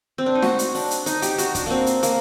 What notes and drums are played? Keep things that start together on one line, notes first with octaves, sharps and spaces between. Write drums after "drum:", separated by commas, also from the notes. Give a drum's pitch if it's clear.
C4
D4
D#4
F#4, drum: snare
drum: hi-hat
D4, drum: open hi-hat
drum: hi-hat
D#4, drum: hi-hat
G4, drum: hi-hat
F#4, drum: hi-hat
D4, drum: kick, hi-hat
A#3 C4
drum: hi-hat
A#3, drum: hi-hat